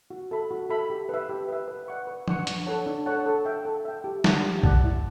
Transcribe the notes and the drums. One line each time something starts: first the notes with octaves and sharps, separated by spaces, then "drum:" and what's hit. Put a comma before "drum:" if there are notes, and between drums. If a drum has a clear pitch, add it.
F#4
A4 E5 B5
F#4
A4 E5 B5
G4
B4 E5
G4
B4 E5
B4
D5 F#5 C#6
B4
D5 F#5 C#6, drum: tom F3
D4, drum: hi-hat
A4 C#5 F#5 A5
D4
A4 C#5 F#5 A5
A4
E5 G5
A4
E5 G5
G4
D5 F#5 A5, drum: snare
G4
D5 F#5 A5, drum: kick A#1
E4